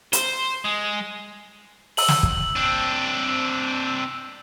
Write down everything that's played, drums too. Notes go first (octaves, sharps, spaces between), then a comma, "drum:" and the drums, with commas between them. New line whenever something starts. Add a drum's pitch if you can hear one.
C5, drum: hi-hat
G#3
E6 F#7, drum: open hi-hat
drum: snare
drum: kick
C4 D4